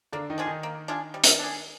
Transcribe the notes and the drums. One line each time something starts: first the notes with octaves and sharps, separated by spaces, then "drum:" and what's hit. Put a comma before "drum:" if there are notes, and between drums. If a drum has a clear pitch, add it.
D3 A#3 D4
D#3 D#4
D4 F4 G#4
D#3 D#4
A#3
D4 F4 G#4
G3
drum: hi-hat
D4 G#4